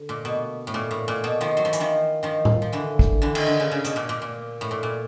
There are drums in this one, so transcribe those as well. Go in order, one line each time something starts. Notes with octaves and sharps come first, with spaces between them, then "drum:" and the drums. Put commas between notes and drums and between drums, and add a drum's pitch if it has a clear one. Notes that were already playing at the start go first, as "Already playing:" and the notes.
Already playing: D3
A#2
B2
A2
A#2
A2
A#2
B2
D#3 F3
F#3
F3
E3, drum: hi-hat
D#3 F3
D#3 F3
drum: tom A2
F3
D3 E3
drum: kick
D3 E3
D#3, drum: cymbal
D3
C#3
C#3
B2, drum: hi-hat
A#2
A#2
A#2
A2
A#2
A#2